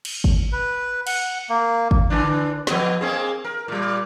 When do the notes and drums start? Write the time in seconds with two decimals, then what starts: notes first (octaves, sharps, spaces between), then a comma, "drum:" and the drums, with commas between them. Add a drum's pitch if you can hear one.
0.05 drum: cymbal
0.24 drum: kick
0.52 B4
1.07 F#5, drum: cymbal
1.49 A#3
1.91 drum: kick
2.10 D3 E3 D4
2.67 F3 B3 D#5, drum: snare
3.01 A#3 C4 G#4
3.44 A#4
3.68 A#2 G3